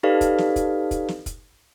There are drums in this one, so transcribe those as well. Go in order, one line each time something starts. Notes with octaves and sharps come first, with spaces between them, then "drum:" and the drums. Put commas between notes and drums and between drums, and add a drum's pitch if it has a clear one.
D#4 G4 A4 B4 D5 F5
drum: kick, hi-hat
drum: snare
drum: kick, hi-hat
drum: kick, hi-hat
drum: snare
drum: kick, hi-hat